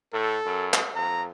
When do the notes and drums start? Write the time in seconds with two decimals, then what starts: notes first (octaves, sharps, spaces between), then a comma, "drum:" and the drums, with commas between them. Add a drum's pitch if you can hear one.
0.13 A2 A4
0.46 F#2
0.74 drum: clap
0.96 F2 A#5